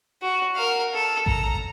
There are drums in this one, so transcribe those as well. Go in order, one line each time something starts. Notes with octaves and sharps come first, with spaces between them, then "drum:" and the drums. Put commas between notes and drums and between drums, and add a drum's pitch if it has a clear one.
F#4
A#4 F5
A4
A#5, drum: kick A1